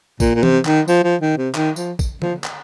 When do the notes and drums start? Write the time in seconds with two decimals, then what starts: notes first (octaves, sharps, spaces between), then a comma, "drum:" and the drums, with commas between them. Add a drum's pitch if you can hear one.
0.20 A#2, drum: kick, tambourine
0.35 A#2
0.43 C3, drum: tom E3
0.65 D#3, drum: clap
0.88 F3, drum: tambourine
1.04 F3
1.21 D#3
1.38 C3
1.55 D#3, drum: clap
1.76 F3, drum: tambourine
1.99 drum: kick, tambourine
2.22 F3, drum: tom
2.44 drum: clap